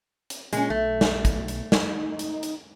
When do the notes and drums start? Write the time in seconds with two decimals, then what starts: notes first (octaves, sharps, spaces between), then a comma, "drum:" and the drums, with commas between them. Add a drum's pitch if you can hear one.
0.30 drum: hi-hat
0.53 A#2 G#3 C#4, drum: hi-hat
0.70 B1 A3
1.01 drum: snare
1.25 drum: kick, hi-hat
1.48 drum: hi-hat
1.72 D#4, drum: snare
2.19 drum: hi-hat
2.43 drum: hi-hat